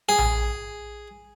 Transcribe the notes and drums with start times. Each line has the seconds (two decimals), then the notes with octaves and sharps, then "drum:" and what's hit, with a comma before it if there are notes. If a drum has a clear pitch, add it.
0.09 G#4
0.18 drum: tom A#1